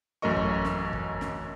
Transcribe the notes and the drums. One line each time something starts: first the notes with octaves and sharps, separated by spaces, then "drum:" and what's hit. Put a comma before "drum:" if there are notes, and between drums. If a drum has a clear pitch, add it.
A1 F#2 A3 A#4 D#5 C#6
drum: kick
drum: snare
drum: kick
drum: snare